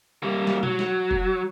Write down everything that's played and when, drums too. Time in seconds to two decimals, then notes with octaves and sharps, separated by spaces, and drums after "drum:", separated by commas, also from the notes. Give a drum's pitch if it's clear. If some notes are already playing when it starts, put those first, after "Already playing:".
0.23 G3 A#3
0.47 drum: snare
0.63 F#3, drum: tom B2
0.79 drum: snare
1.11 drum: kick F1